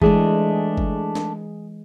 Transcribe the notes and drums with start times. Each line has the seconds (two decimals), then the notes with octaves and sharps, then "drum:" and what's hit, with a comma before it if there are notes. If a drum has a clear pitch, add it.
0.02 E3 G#3 A3 D4 G#4, drum: kick
0.77 drum: kick
1.15 drum: snare D4